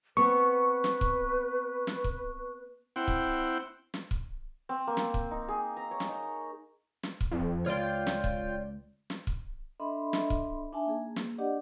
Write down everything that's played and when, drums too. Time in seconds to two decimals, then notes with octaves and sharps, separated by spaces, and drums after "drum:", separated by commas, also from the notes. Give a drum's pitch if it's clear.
0.17 B3 C4 B4 C#6
0.84 drum: snare
1.01 drum: kick
1.87 drum: snare
2.04 drum: kick
2.96 C4 E4 F#5 G5
3.08 drum: kick
3.94 drum: snare
4.11 drum: kick
4.69 C4
4.87 A#3
4.97 drum: snare
5.14 drum: kick
5.31 D#4
5.48 G#4
5.77 A#5
5.91 C#5
6.00 drum: snare
6.09 D#4
7.03 drum: snare
7.21 drum: kick
7.31 F2
7.66 C#2 F4 C#5 D5 G5
8.07 drum: snare
8.24 drum: kick
9.10 drum: snare
9.27 drum: kick
9.80 D4 A4 D#5 E5 B5 C6
10.13 drum: snare
10.30 drum: kick
10.73 D4 D#4 E5 G#5 A5
10.86 A#3 G#4
11.16 drum: snare
11.38 D4 G4 D5 D#5 F#5